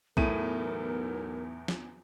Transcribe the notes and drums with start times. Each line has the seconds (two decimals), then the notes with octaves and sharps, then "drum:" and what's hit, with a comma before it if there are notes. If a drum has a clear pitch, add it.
0.17 B1 E2 A2 A#4 D#7, drum: kick B1
1.68 drum: snare